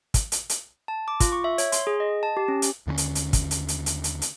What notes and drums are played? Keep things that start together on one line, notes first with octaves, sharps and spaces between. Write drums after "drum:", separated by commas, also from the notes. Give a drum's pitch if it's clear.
drum: kick, hi-hat
drum: hi-hat
drum: hi-hat
A5
D6
F4, drum: kick, hi-hat
C#6
E5
C#5, drum: hi-hat
C6, drum: hi-hat
G#4
D#5
A5
G4
C#4
drum: hi-hat
D#2 D3 G3 C#4
drum: hi-hat
drum: hi-hat
drum: kick, hi-hat
drum: hi-hat
drum: hi-hat
drum: hi-hat
drum: hi-hat
drum: hi-hat